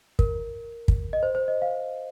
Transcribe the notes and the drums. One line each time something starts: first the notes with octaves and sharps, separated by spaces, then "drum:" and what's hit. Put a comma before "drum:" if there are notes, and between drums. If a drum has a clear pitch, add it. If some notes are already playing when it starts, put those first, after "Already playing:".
A#4, drum: kick
drum: kick
D#5
C5
C5
D#5
F5